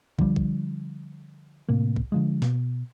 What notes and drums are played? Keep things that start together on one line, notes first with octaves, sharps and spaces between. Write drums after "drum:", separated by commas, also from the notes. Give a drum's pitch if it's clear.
D3 F3 G3, drum: kick
drum: kick
A2 C3 A#3
drum: kick
D3 F3 G#3
B2, drum: snare